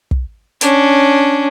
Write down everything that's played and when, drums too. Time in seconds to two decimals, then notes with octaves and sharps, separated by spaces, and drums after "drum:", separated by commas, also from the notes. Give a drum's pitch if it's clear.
0.11 drum: kick
0.61 C#4 D4, drum: hi-hat